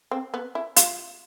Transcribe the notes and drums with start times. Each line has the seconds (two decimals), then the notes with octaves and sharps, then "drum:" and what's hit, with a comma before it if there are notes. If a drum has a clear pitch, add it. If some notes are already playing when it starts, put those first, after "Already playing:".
0.11 C4
0.34 B3
0.55 E4
0.76 F4, drum: hi-hat